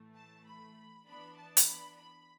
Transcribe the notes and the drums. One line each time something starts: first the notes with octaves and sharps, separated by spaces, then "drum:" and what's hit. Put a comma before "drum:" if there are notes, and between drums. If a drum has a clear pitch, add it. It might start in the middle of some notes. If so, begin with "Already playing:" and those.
Already playing: A2 E3 A3
A5
B5
E3 B3 D4 B5
A5
drum: hi-hat
B5
B5